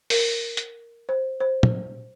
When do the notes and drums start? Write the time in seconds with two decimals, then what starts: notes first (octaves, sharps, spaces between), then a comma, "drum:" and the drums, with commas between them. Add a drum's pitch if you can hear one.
0.10 A#4, drum: open hi-hat
0.57 drum: hi-hat
1.09 C5
1.40 C5
1.63 drum: tom